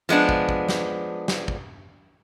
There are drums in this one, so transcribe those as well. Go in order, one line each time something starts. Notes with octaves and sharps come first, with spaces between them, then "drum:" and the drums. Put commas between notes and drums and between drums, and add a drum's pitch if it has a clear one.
F3 G#3 B3 D4
drum: kick
drum: kick
drum: snare
drum: snare
drum: kick